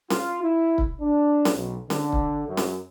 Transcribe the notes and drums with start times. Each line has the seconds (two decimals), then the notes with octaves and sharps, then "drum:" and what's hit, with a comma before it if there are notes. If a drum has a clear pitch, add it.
0.10 F4, drum: snare C#4
0.43 E4
0.78 drum: kick C#1
1.01 D4
1.45 drum: snare C#4
1.56 B1
1.90 D3, drum: snare C#4
2.12 drum: kick C#1
2.48 F#2
2.57 drum: snare C#4